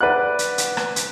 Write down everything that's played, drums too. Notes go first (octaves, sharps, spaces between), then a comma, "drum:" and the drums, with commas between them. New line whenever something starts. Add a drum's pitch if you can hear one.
B4 D5 F#5 F#6
drum: hi-hat
drum: hi-hat
drum: rim click
drum: hi-hat